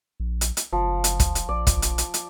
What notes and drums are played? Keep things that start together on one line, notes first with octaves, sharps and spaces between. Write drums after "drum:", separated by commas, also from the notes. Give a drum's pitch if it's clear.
A#1
drum: hi-hat
drum: hi-hat
F#1 F3
drum: hi-hat
drum: kick, hi-hat
drum: hi-hat
A#1 D5
drum: kick, hi-hat
drum: hi-hat
drum: hi-hat
drum: hi-hat